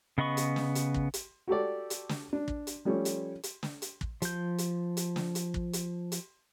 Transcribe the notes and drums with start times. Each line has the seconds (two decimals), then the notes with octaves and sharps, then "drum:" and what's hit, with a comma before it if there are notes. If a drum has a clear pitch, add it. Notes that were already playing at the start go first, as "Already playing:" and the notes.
0.18 C#3 B3 D#5 B5 C#6
0.37 drum: hi-hat
0.56 drum: snare
0.75 drum: hi-hat
0.94 drum: kick
1.14 drum: hi-hat
1.48 F#4 G4 A4 D5
1.90 drum: hi-hat
2.09 drum: snare
2.33 D4
2.48 drum: kick
2.67 drum: hi-hat
2.85 F3 G3 A3 C#4
3.05 drum: hi-hat
3.43 drum: hi-hat
3.63 drum: snare
3.82 drum: hi-hat
4.01 drum: kick
4.22 F3 G6, drum: hi-hat
4.58 drum: hi-hat
4.97 drum: hi-hat
5.16 drum: snare
5.35 drum: hi-hat
5.54 drum: kick
5.73 drum: hi-hat
6.12 drum: hi-hat